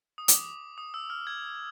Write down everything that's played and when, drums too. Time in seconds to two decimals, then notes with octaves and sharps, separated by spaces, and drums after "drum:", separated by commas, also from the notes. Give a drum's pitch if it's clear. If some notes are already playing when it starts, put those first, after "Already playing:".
0.18 D#6
0.28 D6, drum: hi-hat
0.78 D#6
0.94 E6
1.10 F6
1.27 G#6